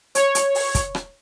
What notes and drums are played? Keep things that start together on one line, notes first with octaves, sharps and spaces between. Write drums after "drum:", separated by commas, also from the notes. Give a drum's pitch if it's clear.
C#5, drum: hi-hat
drum: hi-hat
drum: open hi-hat
drum: kick, hi-hat
drum: rim click